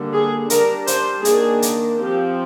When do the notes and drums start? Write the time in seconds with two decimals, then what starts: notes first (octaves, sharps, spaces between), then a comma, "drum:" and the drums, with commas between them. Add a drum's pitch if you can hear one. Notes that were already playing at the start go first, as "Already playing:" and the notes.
Already playing: D3 G3 A#3
0.13 G#4
0.50 G3 D4 A#4, drum: hi-hat
0.87 C5, drum: hi-hat
1.25 D#3 A#3 D4 G#4, drum: hi-hat
1.62 drum: hi-hat
2.00 F3 C4 G4